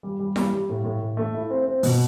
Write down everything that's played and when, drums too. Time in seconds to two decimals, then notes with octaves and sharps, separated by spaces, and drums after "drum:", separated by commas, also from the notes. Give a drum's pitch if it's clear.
0.03 G3
0.19 G3
0.36 G3, drum: snare E4
0.53 G3
0.69 A2
0.84 A2
1.01 A2
1.17 A3
1.34 E4
1.50 C4
1.66 C4
1.83 B2, drum: open hi-hat